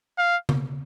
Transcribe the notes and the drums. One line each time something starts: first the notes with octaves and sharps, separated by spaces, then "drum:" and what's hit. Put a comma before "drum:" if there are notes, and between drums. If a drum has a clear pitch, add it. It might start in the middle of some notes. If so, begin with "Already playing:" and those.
F5
drum: tom C#3